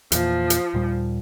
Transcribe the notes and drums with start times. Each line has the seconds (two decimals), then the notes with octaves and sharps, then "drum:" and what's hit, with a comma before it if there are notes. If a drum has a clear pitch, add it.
0.12 E2 A#2 F3, drum: hi-hat
0.50 drum: hi-hat
0.74 D#2 A#2 G3